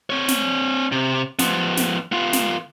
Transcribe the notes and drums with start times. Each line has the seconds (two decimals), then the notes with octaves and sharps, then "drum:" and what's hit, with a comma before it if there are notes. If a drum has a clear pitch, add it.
0.10 C4 C#5
0.29 drum: snare
0.92 C3
1.39 F3 B3, drum: snare
1.77 drum: snare
2.12 B3 F4
2.33 drum: snare